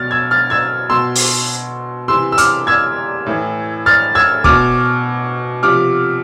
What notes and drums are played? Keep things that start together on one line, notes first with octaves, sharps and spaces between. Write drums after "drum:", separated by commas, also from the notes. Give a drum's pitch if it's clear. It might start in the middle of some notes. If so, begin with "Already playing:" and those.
Already playing: B2 F6 A6
E6 G#6
F6 A6
E6 G#6
B2 C6 E6
drum: open hi-hat
C3 E3 C6 E6
E6
D6 F6, drum: hi-hat
E6 G#6
A2 E3
F6 A6
E6 G#6
B2 D6 F6, drum: kick
C3 F3 D6 F6